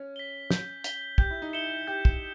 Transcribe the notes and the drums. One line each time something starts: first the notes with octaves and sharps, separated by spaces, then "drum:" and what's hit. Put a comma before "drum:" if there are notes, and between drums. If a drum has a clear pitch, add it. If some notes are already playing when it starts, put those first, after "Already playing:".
Already playing: C#4
B6 G7
G6, drum: snare
B6 G7, drum: hi-hat
G4 G6, drum: kick
E4
D#4
E4 C#7 E7 G7
G4 G6
drum: kick